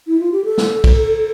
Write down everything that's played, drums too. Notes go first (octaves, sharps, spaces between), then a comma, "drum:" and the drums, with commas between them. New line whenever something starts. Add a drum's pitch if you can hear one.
E4
F4
G4
A4
drum: snare
drum: kick, cymbal